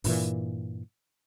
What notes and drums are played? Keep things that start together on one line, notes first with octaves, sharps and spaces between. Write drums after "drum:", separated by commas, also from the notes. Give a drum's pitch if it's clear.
G2 A#2 E3, drum: open hi-hat